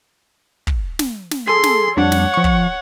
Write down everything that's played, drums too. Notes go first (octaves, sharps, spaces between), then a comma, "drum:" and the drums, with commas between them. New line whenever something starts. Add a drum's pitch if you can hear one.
drum: kick
drum: snare
drum: snare
G#4 A4 C6
drum: snare
F2 G3 D4 C#5 F#5
drum: snare
F3 C#6
drum: kick